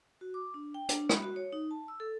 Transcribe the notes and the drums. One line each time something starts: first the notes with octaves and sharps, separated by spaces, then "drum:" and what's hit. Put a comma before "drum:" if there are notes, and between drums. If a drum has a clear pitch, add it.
F#4
D6
D4
G5
D4, drum: hi-hat
B5, drum: rim click
F#4
C#5
D#4
A5
E6
A4